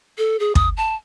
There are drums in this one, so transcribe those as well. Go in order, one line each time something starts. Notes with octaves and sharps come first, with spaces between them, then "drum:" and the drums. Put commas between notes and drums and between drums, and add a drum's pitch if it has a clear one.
A4
G#4
D#6, drum: kick
A5